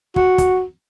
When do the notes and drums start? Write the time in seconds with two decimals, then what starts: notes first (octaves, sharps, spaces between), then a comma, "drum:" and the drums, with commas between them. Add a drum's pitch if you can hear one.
0.16 F#4, drum: kick
0.38 drum: kick, hi-hat